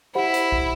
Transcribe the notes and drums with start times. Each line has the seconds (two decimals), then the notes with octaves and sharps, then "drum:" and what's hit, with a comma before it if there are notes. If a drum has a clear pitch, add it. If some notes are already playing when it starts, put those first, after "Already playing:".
0.15 E4 G4 C5 F#5 B5
0.34 drum: hi-hat
0.52 drum: kick